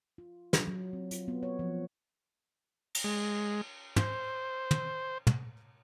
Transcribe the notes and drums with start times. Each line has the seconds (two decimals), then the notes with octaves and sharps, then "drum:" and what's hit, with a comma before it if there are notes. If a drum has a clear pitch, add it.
0.18 F4
0.53 F#3, drum: snare
0.68 F#3
0.93 C4
1.11 F4, drum: hi-hat
1.28 B3
1.43 C#5
1.59 F3
2.95 drum: cymbal
3.04 G#3
3.96 C5, drum: tom
4.71 drum: tom
5.27 drum: tom